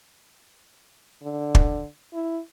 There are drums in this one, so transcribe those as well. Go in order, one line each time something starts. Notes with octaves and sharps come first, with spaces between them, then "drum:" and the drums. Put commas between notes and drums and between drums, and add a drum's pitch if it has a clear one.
D3
drum: kick
E4